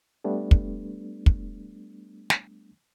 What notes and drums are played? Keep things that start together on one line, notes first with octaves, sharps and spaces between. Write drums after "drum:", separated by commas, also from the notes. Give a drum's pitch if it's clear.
G3 A3 B3 D4
drum: kick
drum: kick
drum: snare